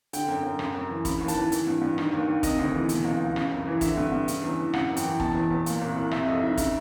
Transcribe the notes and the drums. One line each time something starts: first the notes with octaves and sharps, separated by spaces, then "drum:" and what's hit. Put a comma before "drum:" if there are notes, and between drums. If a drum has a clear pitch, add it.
D3 G5, drum: hi-hat
F#2
F#2
C#3, drum: rim click
F#2
E3
C#3 B5, drum: kick, hi-hat
D#2
A5, drum: hi-hat
E3
E3, drum: hi-hat
G2
G2
D#3, drum: rim click
D#2
D#2
C3 D#5, drum: kick, hi-hat
D2
E3
B2, drum: hi-hat
C#2
C#2
C#3, drum: rim click
F#2
E3
D3 E5, drum: kick, hi-hat
G2
G2
C#3, drum: hi-hat
E2
E3
C#3 F#5, drum: rim click
F#2
G5, drum: hi-hat
E3
B2 A5, drum: kick
E2
E2
A#2, drum: hi-hat
C2
C2
C3 E5, drum: rim click
F2 D#5
D#3 E5
C#3, drum: kick, hi-hat